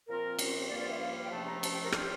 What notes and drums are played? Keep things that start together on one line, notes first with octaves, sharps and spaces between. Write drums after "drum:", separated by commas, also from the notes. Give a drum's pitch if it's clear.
A#2 F3 C4 F4 A#4
drum: cymbal
G2 F3 A#3 F4 D5
D5
E5
F5
G5
E2 C3 F3 A3 A5
A#5
A5, drum: cymbal
G5
A#4
A2 G3 D4 F4 A4, drum: rim click
G4